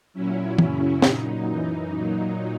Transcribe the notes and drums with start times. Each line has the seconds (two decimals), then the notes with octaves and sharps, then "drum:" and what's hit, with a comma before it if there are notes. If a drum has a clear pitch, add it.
0.14 A#2 F#3 C#4 E4
0.59 F#2 C#3 F#3, drum: tom
1.02 A#2 F#3 D#4, drum: snare
1.47 F#2 E3
1.92 A#2 F#3